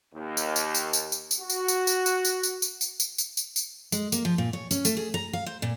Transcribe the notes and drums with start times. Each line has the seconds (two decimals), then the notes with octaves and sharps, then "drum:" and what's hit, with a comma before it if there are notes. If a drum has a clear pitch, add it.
0.14 D#2
0.37 drum: tambourine
0.56 drum: tambourine
0.75 drum: tambourine
0.93 drum: tambourine
1.12 drum: tambourine
1.31 drum: tambourine
1.40 F#4
1.50 drum: tambourine
1.68 drum: tambourine
1.87 drum: tambourine
2.06 drum: tambourine
2.25 drum: tambourine
2.43 drum: tambourine
2.62 drum: tambourine
2.81 drum: tambourine
3.00 drum: tambourine
3.18 drum: tambourine
3.37 drum: tambourine
3.56 drum: tambourine
3.92 G#3, drum: tambourine
4.12 A#3, drum: tambourine
4.25 F3
4.38 A#2
4.53 C#5
4.71 C#4, drum: tambourine
4.85 A3, drum: tambourine
4.97 G#4
5.14 A#5
5.33 F5
5.46 C5
5.62 A#2